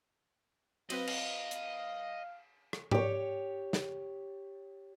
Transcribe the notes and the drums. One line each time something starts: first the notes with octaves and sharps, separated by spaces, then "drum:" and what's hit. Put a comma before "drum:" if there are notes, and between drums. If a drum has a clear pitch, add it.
F#3 C4 B4 D#5 F5, drum: cymbal
drum: cymbal
drum: hi-hat
drum: rim click
G4 C#5, drum: tom G#2
drum: snare